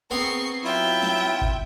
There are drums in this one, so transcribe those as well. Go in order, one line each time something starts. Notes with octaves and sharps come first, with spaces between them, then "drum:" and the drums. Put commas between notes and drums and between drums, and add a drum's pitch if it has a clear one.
B3 C4 G#4 A#4 C#6 C7
F#3 E4 F4 E5 G5
drum: snare
drum: kick G1